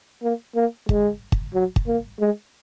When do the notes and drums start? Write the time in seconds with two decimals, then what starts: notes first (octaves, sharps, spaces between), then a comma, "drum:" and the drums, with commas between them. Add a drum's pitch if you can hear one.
0.23 A#3
0.55 A#3
0.89 G#3, drum: kick
1.32 drum: kick
1.54 F#3
1.76 drum: kick
1.87 A#3
2.20 G#3